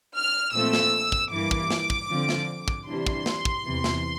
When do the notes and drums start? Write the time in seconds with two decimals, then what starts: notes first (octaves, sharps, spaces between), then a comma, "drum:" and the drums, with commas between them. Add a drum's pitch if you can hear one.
0.15 F6
0.54 A#2 F3 A3 C4 E6
0.73 drum: snare
1.12 drum: kick
1.32 G2 E3 A#3 D6
1.51 drum: kick
1.71 drum: snare
1.90 drum: kick
2.10 D3 F3 C4
2.29 drum: snare
2.68 drum: kick
2.87 C3 E3 G3 D4 C6
3.07 drum: kick
3.26 drum: snare
3.45 drum: kick
3.65 E2 C3 E3
3.84 drum: snare